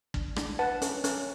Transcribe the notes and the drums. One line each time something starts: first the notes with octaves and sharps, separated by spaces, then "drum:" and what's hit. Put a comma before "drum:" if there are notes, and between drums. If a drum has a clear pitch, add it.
D4, drum: kick
D4, drum: rim click
B4 F#5 A5
C#4, drum: hi-hat
C#4, drum: hi-hat